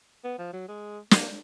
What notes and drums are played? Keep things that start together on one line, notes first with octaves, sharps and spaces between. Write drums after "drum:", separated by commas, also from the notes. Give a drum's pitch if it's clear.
B3
F3
F#3
G#3
A#3, drum: snare